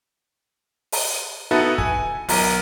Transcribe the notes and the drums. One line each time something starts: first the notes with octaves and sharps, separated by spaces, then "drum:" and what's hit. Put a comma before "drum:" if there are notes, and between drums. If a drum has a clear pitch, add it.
drum: open hi-hat
B3 D#4 E4 F#4 A4 B4
G#5, drum: kick
B1 A#4 D#7, drum: open hi-hat